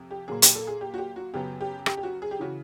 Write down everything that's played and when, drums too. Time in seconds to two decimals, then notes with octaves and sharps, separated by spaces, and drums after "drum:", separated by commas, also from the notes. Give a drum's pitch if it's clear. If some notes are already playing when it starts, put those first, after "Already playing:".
Already playing: F2 C3
0.11 G4
0.28 A#2 F#3 A#3 G#4
0.42 G4, drum: hi-hat
0.55 A4
0.67 G#4
0.81 G4
0.94 F#4
0.98 G4
1.16 F#4
1.34 F#2 C#3 F#3 B3 G4
1.61 G4
1.86 G4, drum: rim click
1.97 G4
2.03 F#4
2.22 G#4
2.31 G4
2.40 C#3 E3 F#4